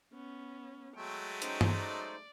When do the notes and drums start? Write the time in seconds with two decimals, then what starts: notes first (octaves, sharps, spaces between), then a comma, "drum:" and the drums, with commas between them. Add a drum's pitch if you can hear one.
0.13 B3 C#4
0.97 F#3 G#3 A3 G5
1.42 C#4 D#4 C5 G5, drum: hi-hat
1.61 drum: tom G2
1.77 D5